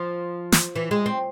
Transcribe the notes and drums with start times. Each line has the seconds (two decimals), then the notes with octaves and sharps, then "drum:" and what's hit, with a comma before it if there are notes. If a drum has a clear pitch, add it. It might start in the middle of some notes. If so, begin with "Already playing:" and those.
Already playing: F3
0.52 drum: snare
0.76 E3
0.91 G#3
1.06 C4